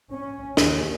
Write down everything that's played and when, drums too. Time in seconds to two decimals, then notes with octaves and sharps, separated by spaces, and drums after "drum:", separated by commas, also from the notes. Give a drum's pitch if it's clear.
0.12 C#4
0.57 D#2, drum: snare